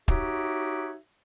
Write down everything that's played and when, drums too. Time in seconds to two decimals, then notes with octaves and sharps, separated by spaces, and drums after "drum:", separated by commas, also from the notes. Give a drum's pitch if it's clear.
0.08 D#4 F#4 G4 C#5 E5, drum: kick